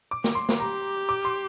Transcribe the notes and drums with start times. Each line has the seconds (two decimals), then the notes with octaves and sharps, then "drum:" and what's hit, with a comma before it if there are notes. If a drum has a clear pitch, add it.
0.11 D6
0.24 drum: snare
0.35 C6
0.49 drum: snare
0.60 G4 A#5
1.09 D6
1.25 C6